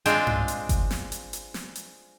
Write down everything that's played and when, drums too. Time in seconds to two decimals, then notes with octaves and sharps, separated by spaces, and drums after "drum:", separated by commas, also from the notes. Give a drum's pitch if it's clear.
0.06 G#3 C4 D4 F4, drum: hi-hat
0.27 drum: tom G2
0.48 drum: hi-hat
0.69 drum: kick G1, hi-hat
0.91 drum: snare
1.12 drum: hi-hat
1.33 drum: hi-hat
1.54 drum: snare
1.75 drum: hi-hat